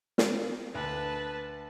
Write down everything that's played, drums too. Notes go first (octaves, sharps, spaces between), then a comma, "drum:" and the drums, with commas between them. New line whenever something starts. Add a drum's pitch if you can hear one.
drum: snare
D2 B4 A5